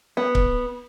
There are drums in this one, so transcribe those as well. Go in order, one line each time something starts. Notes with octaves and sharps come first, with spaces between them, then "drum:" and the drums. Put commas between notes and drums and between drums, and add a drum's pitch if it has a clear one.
B3
drum: kick C#1